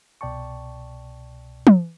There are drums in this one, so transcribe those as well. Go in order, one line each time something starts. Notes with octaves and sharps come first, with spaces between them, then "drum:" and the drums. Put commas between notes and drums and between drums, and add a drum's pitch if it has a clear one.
C2 B2 D5 G5 A5 C#6
drum: tom